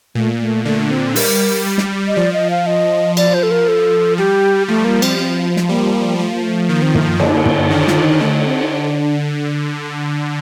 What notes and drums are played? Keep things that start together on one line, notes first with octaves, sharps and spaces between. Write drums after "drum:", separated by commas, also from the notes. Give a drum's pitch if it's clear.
A#2 A3
A3
D3 A3
C4
G3 A#4, drum: open hi-hat
G3
drum: snare
D#5
F3 D5
D#5
F5
D#5
F3 D5, drum: cymbal
C5
A4
A#4
A4
G3 G4
F3 A3
A#3
C4, drum: cymbal
F3 C4
drum: snare
G3 A#3
F3 A3
A#3
A3
D#3 A#3
C4
A#3, drum: tom
D3 A#3, drum: cymbal
A#3
A#3, drum: tom
A#3
D#3 D4
F4, drum: snare
D#4
D3 A3
C4
D#4
D4